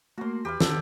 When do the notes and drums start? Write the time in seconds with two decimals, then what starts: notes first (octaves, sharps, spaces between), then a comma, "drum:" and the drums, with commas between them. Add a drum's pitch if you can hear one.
0.18 A3 A#3 F#4 C6
0.45 E2 G4 B4 F5
0.60 B3 C4 F#4 A4, drum: snare